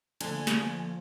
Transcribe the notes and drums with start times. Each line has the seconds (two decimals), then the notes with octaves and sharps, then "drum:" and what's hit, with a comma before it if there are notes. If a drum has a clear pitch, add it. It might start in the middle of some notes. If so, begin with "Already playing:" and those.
0.21 D3 F3 A3 A#3 G#5, drum: cymbal
0.47 drum: snare